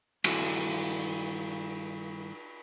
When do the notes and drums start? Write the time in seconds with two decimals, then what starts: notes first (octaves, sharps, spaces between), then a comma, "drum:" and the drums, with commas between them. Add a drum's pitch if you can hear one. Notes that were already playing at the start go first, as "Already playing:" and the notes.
0.24 G2 D#3 E4 F#4 A4, drum: cymbal